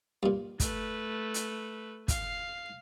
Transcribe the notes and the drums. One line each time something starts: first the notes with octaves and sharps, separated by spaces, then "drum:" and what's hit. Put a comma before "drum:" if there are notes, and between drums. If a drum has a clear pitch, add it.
G2 A#2
A3 B4, drum: kick, hi-hat
drum: hi-hat
F5 C7, drum: kick, hi-hat